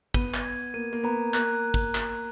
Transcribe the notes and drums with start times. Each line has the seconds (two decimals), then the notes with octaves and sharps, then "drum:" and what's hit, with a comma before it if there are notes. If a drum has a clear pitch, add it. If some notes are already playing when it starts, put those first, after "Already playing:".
0.14 B3 D#7, drum: kick
0.34 drum: clap
0.44 G#6
0.74 A#3 D#7
0.93 A#3
1.04 B3 A#5
1.34 A#3 F#6, drum: clap
1.64 F#6
1.74 drum: kick
1.95 F#6, drum: clap